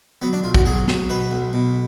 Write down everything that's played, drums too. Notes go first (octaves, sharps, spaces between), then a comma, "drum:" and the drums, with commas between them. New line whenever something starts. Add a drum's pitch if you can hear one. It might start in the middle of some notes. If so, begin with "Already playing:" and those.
F#3 B3
D4
B1 F4
F#4, drum: kick
F#3 G#4
F#3, drum: snare
B2 B4
B1
B2